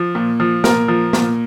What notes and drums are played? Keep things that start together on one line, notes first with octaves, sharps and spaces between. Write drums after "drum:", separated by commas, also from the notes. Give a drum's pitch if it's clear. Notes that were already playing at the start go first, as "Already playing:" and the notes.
Already playing: F3
A#2
F3
A#2 A#4, drum: snare
F3
A#2, drum: snare